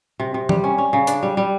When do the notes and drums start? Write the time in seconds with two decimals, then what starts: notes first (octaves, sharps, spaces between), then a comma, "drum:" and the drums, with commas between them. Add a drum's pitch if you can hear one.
0.20 C3
0.34 C3
0.49 G3, drum: tom
0.64 C#4
0.78 C#4
0.93 C#3
1.07 D4, drum: hi-hat
1.23 G3
1.37 G3